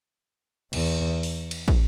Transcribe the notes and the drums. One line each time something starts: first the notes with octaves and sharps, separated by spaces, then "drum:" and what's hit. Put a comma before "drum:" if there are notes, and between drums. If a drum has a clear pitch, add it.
E2, drum: cymbal
drum: open hi-hat
drum: cymbal
drum: kick